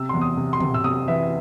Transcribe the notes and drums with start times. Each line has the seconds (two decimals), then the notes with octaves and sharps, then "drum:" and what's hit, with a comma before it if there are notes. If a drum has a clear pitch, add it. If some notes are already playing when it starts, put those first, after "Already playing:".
Already playing: C3 E6
0.09 E2 C6
0.21 D#6
0.37 C3
0.53 C6
0.60 C3, drum: tom
0.74 E6
0.84 C3 D#6
1.08 E3 E5